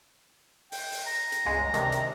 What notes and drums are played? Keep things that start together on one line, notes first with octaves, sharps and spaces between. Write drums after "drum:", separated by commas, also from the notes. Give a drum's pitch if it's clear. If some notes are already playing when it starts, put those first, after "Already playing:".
G5, drum: open hi-hat
drum: open hi-hat
A#5
drum: hi-hat
G1 C#2 G#3
C3 D#3 D4, drum: hi-hat
drum: hi-hat